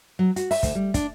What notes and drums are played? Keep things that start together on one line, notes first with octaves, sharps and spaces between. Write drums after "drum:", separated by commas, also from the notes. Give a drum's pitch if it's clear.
F#3
F#4, drum: hi-hat
E5, drum: open hi-hat
D2, drum: kick, hi-hat
G3
D4, drum: kick, hi-hat